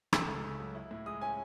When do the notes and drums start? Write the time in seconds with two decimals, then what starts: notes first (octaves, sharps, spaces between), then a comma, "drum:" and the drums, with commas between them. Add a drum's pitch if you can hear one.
0.13 A3 E6, drum: rim click
0.28 C#2
0.44 C#3
0.60 F#3
0.75 E4
0.91 A2
1.06 G#3 D#6
1.21 C#4 G#5